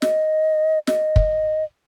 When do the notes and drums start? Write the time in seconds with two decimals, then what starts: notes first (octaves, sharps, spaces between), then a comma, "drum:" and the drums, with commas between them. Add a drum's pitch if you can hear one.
0.02 D#5, drum: snare
0.87 D#5, drum: snare
1.16 drum: kick